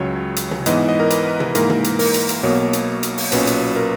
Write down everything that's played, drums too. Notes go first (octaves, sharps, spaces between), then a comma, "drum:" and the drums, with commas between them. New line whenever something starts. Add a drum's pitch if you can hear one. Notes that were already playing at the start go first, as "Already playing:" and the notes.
Already playing: C#2 C#3 F#3 C#5
drum: hi-hat
drum: tom
G#2 E3 B3 D#5, drum: hi-hat
D#5
A#4
B4, drum: hi-hat
drum: tom
G#2 E3 A#3 A#4, drum: hi-hat
drum: tom
drum: hi-hat
A#4, drum: open hi-hat
drum: hi-hat
drum: hi-hat
B1 B2 A#3 C#5
drum: hi-hat
drum: hi-hat
drum: open hi-hat
B1 A#2 F#3 C#4 B4, drum: hi-hat
drum: hi-hat
A#4